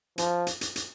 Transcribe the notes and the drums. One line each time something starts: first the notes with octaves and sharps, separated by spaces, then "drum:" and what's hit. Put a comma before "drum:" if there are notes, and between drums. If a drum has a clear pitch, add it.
F3, drum: hi-hat
drum: hi-hat
drum: hi-hat
drum: hi-hat